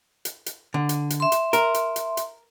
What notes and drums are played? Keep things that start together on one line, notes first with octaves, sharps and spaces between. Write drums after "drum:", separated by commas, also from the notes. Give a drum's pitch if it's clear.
drum: hi-hat
drum: hi-hat
D3
drum: hi-hat
drum: hi-hat
E5 C6
drum: hi-hat
A#4, drum: hi-hat
drum: hi-hat
drum: hi-hat
drum: hi-hat